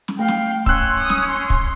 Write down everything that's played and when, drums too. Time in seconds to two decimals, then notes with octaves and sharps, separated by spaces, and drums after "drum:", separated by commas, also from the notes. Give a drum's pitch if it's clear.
0.08 drum: snare
0.19 A3 F5 G5
0.28 drum: snare
0.66 C#4 C6 E6 F#6, drum: kick
0.99 D#6
1.09 drum: snare
1.30 C6
1.50 drum: kick